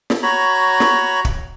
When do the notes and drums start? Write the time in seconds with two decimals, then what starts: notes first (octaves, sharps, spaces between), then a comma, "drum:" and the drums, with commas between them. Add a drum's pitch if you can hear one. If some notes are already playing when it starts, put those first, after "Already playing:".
0.10 drum: snare
0.23 F#4 C#5 A#5 B5
0.80 drum: snare
1.25 drum: kick